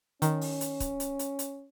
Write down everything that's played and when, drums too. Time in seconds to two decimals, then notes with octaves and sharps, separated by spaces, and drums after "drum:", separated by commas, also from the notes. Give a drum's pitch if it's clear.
0.22 D#3 C#4, drum: hi-hat
0.41 drum: open hi-hat
0.61 drum: hi-hat
0.80 drum: kick, hi-hat
1.00 drum: hi-hat
1.19 drum: hi-hat
1.39 drum: hi-hat